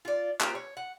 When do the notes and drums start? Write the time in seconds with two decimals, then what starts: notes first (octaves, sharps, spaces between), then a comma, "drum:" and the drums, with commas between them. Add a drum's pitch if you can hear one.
0.05 F4 D5
0.40 A#3 F4 G4 C5, drum: clap
0.55 C#5
0.77 F#5